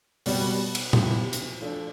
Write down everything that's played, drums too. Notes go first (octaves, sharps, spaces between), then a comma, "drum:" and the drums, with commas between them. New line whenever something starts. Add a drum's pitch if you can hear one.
B2 G3 B3, drum: open hi-hat
drum: cymbal
F3 B3 E4 G4, drum: tom A#2
drum: hi-hat
F3 A3 D4 A4